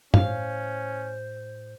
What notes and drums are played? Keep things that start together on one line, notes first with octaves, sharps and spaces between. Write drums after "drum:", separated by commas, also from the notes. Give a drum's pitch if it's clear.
A2 C#4 C5 F5, drum: tom